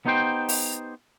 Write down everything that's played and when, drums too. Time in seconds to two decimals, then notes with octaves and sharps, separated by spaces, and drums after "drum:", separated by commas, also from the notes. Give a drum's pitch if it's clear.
0.06 B3 D#4 G4 C5 G5
0.49 drum: open hi-hat